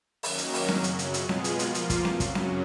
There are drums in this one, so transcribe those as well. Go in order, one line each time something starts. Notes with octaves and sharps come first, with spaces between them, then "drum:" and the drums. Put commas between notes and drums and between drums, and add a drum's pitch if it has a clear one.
D#3 F#3 A#3 C#4, drum: open hi-hat
drum: hi-hat
drum: open hi-hat
F#2 C#3 F#3, drum: snare C4
drum: hi-hat
drum: hi-hat
B2 G#3 B3 F4 G#4, drum: hi-hat
drum: snare C4
drum: hi-hat
F3 A#3 F4, drum: hi-hat
drum: hi-hat
drum: kick, hi-hat
F#2 C#3 F#3, drum: snare C4
drum: kick, hi-hat
drum: snare C4